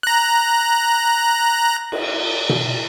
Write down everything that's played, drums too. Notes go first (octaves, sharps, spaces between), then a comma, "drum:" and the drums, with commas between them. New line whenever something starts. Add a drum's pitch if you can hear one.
A#5 F#6
drum: cymbal
drum: tom B2